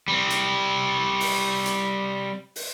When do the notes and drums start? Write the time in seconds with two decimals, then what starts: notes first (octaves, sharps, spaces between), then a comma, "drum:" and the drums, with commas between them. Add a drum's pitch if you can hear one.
0.08 G3 C4
0.30 drum: hi-hat
1.20 drum: open hi-hat
1.65 drum: hi-hat
2.56 drum: open hi-hat